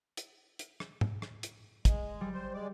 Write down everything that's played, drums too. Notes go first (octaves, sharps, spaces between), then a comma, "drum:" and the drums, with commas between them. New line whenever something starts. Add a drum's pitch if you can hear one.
drum: hi-hat
drum: hi-hat
drum: rim click
drum: tom G#2
drum: rim click
drum: hi-hat
G#3, drum: kick, hi-hat
G3
C5
G#3 D5